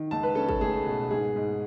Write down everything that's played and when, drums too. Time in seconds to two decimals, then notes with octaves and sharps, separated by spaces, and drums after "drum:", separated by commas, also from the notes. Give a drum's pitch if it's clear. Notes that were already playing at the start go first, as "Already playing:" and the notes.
Already playing: D#3
0.11 C#2 A5
0.23 B4
0.35 C#4 A4
0.49 A4, drum: kick
0.61 A3 G#4
0.86 B2
1.11 G#2 G#4
1.36 G#2